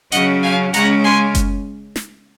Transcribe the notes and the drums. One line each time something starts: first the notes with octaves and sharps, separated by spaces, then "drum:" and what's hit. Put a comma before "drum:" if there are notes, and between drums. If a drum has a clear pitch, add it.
C#3 F#3 C#4 D#5 F#5, drum: hi-hat
F5 G#5
C#3 G#3 C#4 F#5 A#5, drum: hi-hat
G#5 C6
drum: kick F#1, hi-hat
drum: snare